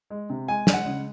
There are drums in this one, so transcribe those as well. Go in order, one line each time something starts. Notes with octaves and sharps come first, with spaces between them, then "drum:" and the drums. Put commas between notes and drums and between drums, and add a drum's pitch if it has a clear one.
G#3
C3
G#3 G#5
G#3, drum: snare
F#5
C#3